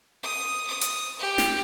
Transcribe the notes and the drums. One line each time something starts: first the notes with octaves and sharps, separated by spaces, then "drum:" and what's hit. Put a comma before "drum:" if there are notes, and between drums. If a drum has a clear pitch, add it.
D#6
D#6
drum: hi-hat
G4
drum: snare